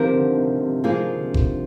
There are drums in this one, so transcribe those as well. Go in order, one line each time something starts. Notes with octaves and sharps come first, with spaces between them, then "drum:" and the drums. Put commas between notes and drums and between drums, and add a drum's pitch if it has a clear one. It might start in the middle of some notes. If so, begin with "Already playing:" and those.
Already playing: D#3 F3 C4 G4 A#4
D3
C3
C3
C3 F3 A#3 F4 G#4
D3
C3
D3, drum: kick F#1
D#3